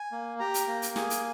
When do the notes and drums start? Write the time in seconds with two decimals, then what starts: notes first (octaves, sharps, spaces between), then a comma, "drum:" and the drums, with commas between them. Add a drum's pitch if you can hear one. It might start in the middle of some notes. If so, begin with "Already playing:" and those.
Already playing: G#5
0.12 A#3
0.39 G4 A#5
0.54 drum: hi-hat
0.68 A#3
0.82 drum: hi-hat
0.96 G#4 G#5, drum: snare
1.10 drum: hi-hat